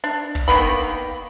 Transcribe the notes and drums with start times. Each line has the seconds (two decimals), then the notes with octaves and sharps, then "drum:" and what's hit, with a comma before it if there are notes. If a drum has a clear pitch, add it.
0.04 D4
0.35 drum: kick
0.48 D#3 A#3 B3 B5